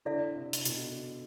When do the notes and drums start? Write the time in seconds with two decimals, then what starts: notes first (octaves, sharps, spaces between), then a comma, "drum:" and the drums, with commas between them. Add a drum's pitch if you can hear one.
0.05 D3 E4 A4 D5 F5
0.36 C3
0.53 drum: hi-hat
0.65 B2, drum: hi-hat